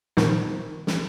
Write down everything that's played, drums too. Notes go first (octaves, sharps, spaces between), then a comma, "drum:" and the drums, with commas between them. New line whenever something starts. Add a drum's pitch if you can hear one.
A#2 D#3 F3 G3 B3 D#4, drum: snare
drum: snare